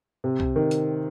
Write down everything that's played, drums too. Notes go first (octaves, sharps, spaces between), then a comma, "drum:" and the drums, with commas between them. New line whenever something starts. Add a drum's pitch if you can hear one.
C3
drum: kick C2
D#3
drum: hi-hat